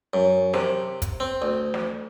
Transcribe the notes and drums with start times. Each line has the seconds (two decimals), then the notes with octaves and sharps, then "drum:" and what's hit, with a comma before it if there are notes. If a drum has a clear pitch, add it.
0.13 F#2
0.54 C3, drum: snare
1.02 drum: kick, hi-hat
1.20 C4
1.42 D2
1.74 drum: snare